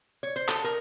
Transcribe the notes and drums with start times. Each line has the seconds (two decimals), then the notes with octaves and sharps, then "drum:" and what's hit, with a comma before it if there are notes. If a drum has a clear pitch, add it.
0.23 C#5
0.36 C5
0.49 A4, drum: clap
0.64 A#4